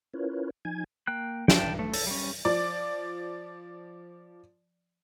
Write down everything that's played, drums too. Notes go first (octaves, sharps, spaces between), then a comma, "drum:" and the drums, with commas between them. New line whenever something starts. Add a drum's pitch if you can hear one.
C#4 E4 F4 A#4 B4 C#5
F3 D#4 G#5 G#6
A#3 G5 F#6
G5 A5, drum: snare
A3
A4, drum: open hi-hat
G3 C#4
F3 D5